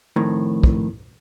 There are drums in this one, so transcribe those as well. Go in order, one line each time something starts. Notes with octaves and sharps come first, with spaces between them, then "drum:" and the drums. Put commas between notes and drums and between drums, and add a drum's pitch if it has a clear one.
F2 A2 D#3
drum: kick